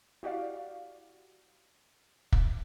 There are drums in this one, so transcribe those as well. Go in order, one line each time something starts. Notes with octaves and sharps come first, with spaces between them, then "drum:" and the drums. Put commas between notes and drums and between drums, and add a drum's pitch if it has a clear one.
E4 F#4 G4 D5 F5
drum: kick